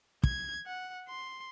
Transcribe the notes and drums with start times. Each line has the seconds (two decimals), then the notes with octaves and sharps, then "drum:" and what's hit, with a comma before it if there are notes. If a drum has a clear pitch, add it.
0.23 G#6, drum: kick
0.66 F#5
1.09 C6